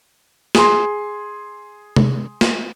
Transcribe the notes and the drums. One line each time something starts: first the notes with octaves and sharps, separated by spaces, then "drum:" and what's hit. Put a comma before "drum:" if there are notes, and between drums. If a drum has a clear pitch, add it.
G#4 C6, drum: snare
drum: tom C3
drum: snare